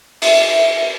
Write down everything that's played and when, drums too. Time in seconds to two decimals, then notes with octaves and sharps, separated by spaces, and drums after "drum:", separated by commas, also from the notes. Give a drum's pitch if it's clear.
0.22 E5, drum: open hi-hat